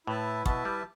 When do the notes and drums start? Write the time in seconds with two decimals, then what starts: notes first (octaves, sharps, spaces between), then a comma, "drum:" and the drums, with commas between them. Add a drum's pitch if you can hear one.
0.07 A2 E4 B4 E5 A5
0.46 B2 E4 B4 E5 A5, drum: kick
0.65 G3